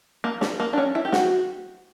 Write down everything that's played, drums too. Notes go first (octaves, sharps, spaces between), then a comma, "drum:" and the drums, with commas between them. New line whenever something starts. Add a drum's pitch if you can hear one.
A#3
G3, drum: snare
A#3
D4
C#4
E4
G4
F#4, drum: snare